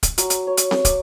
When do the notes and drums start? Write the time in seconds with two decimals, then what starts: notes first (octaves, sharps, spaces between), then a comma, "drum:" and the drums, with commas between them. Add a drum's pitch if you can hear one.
0.03 drum: kick, hi-hat
0.18 F#3, drum: hi-hat
0.30 drum: hi-hat
0.47 C#5
0.57 drum: hi-hat
0.71 drum: snare C4
0.85 D6, drum: kick, hi-hat